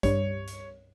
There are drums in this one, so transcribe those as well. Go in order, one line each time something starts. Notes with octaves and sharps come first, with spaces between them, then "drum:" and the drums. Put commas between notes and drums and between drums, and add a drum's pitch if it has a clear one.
G2 G3 C#5, drum: kick, hi-hat
drum: hi-hat